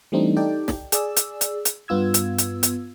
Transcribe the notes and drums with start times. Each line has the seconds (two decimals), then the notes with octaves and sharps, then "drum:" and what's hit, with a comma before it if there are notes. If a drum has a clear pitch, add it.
0.12 E3 G3 A3 C4 D4 D#4
0.36 D#4 G4 A4 D5 G5
0.68 drum: snare
0.92 G#4 D5 E6, drum: hi-hat
1.17 drum: hi-hat
1.41 drum: hi-hat
1.65 drum: hi-hat
1.88 G2 B3 F4 E6 G#6
2.14 drum: hi-hat
2.38 drum: hi-hat
2.63 drum: hi-hat